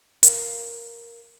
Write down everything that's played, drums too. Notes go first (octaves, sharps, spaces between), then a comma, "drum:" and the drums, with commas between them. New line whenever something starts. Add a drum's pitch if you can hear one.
A#4 F5, drum: hi-hat